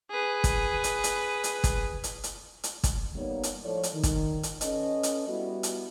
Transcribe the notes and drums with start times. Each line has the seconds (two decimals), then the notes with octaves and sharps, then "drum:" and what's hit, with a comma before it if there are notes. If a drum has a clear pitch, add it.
0.10 G#4 B4
0.44 drum: kick, hi-hat
0.84 drum: hi-hat
1.04 drum: hi-hat
1.44 drum: hi-hat
1.64 drum: kick, hi-hat
2.04 drum: hi-hat
2.24 drum: hi-hat
2.64 drum: hi-hat
2.83 drum: kick, hi-hat
3.15 G3 A#3 B3 D#4 C#5
3.43 drum: hi-hat
3.63 A2 F3 A4 C#5 D5
3.83 drum: hi-hat
3.93 D#3
4.03 drum: kick, hi-hat
4.43 drum: hi-hat
4.61 C#4 A4 B4 D#5, drum: hi-hat
5.03 drum: hi-hat
5.27 G3 B3 E4 F#4
5.63 drum: hi-hat